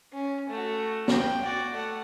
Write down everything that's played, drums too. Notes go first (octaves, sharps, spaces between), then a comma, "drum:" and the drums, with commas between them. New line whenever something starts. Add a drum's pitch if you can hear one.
C#4
A3 F#4
G5, drum: snare
F#4 D5
A3 F#5